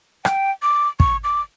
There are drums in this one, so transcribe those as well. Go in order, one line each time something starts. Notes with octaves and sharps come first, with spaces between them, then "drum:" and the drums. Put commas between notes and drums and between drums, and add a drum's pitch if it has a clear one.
G5, drum: rim click
D6
C#6, drum: kick
D6